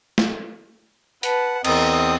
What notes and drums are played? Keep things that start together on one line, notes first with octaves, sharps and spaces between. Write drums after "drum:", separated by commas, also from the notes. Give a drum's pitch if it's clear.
drum: snare
B4 F#5 A5, drum: hi-hat
E2 C4 A#4 D#5 D#6, drum: cymbal